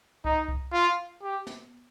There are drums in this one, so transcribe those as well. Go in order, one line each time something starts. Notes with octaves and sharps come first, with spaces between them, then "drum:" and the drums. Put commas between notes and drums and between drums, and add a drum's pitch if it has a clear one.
D#4, drum: kick C2
drum: kick C2
F4
G4
drum: snare